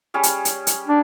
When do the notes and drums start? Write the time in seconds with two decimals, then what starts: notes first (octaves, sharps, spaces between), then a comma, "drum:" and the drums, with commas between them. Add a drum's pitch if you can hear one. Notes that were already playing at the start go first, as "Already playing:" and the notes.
0.14 G3 C#4 G#4
0.23 drum: hi-hat
0.45 drum: hi-hat
0.67 drum: hi-hat
0.88 D4